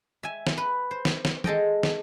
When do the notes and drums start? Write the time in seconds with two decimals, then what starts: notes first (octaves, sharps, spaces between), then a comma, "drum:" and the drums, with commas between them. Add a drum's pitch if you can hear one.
0.23 E5 G#5
0.47 drum: snare
0.57 B4
0.91 C5
1.05 drum: snare
1.25 drum: snare
1.44 G#3 A4 D#5 G5, drum: tom E3
1.83 drum: snare